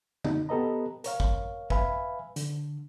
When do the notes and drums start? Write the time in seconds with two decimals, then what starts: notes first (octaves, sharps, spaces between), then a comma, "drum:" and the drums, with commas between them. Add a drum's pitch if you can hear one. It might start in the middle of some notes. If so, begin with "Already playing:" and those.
0.24 D#4, drum: tom
0.49 B3 G4 A4 B4 D#5 A#5
1.04 A#4 C#5 F5, drum: hi-hat
1.20 drum: kick
1.70 B4 E5 F5 G#5 B5, drum: kick
2.36 D3, drum: hi-hat